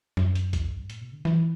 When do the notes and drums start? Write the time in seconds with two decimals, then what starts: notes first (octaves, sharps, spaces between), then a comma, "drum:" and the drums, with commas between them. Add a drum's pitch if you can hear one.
0.17 F#2, drum: snare
0.35 drum: hi-hat
0.53 E2, drum: kick, hi-hat
0.65 F#2
0.77 G2
0.90 A2, drum: hi-hat
1.01 B2
1.13 D3
1.25 E3, drum: snare